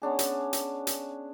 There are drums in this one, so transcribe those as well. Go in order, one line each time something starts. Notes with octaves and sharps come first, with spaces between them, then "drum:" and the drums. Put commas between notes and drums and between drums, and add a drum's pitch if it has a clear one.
B3 C#4 D4 G#4
drum: hi-hat
drum: hi-hat
drum: hi-hat